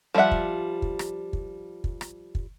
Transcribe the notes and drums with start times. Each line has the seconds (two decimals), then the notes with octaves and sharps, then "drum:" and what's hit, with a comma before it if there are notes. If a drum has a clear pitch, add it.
0.15 F3 G3 D5 E5 F#5
0.31 drum: kick
0.82 drum: kick
0.99 drum: rim click
1.33 drum: kick
1.84 drum: kick
2.01 drum: rim click
2.35 drum: kick